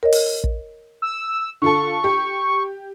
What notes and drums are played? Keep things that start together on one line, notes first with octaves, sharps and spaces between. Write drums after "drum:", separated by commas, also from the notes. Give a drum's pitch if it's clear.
A#4 C#5 D#5
drum: open hi-hat
drum: kick
E6
D3 F4 A4 C#6
G4